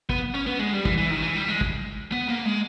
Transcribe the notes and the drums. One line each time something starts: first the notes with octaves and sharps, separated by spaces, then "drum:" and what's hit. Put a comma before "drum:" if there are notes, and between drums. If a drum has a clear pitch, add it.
B3, drum: kick
C#4
B3
G#3
G3
E3, drum: kick
E3
D#3
E3
G3
G#3
drum: kick
B3
A#3
G#3